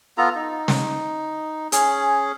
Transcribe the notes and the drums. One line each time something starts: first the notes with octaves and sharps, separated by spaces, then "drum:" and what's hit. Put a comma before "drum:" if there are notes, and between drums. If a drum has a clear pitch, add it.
B3 F4 A4 A#5
D#4
drum: snare
C#4 G#4, drum: hi-hat